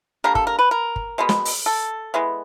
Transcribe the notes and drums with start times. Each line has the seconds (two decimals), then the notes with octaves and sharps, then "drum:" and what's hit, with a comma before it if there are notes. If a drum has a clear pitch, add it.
0.24 D3 G3 A#3 A#4
0.35 A4, drum: kick
0.47 A#4
0.59 B4
0.71 A#4
0.96 drum: kick
1.18 B2 G#3 B3
1.29 drum: snare
1.45 drum: open hi-hat
1.66 A4
2.14 E3 G#3 B3